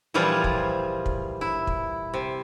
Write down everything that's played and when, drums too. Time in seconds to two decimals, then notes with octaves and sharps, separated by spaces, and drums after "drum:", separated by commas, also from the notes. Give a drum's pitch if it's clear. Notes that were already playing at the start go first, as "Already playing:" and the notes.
0.14 A#2 E3 F3 G3 F4 G#4
0.44 drum: kick
1.06 drum: kick
1.41 E4
1.67 drum: kick
2.14 C3